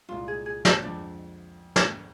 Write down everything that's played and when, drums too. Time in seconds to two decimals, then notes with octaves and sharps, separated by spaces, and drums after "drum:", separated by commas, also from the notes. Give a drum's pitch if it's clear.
0.09 C2 A#2 G#3 F4
0.28 G#4
0.46 G#4
0.65 C5, drum: snare
0.82 F2 D3 G#3 D4 D5
1.76 drum: snare